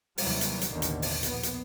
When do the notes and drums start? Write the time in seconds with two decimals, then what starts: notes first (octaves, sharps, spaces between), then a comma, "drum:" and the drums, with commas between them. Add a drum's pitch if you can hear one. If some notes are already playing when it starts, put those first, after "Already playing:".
0.18 D#2 C3 E3 F#3 G3, drum: open hi-hat
0.41 drum: hi-hat
0.61 drum: hi-hat
0.71 A1 D#2 B2 D3 D#3
0.82 drum: hi-hat
1.02 drum: open hi-hat
1.23 A#1 B3, drum: hi-hat
1.43 drum: hi-hat